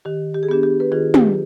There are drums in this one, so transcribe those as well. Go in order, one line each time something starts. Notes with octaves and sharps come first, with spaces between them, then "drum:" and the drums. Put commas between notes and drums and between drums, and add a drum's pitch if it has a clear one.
D#3 G4
G4
G#4
B3 D4 G4
G4
B4
D#3 F4 G#4
G4, drum: tom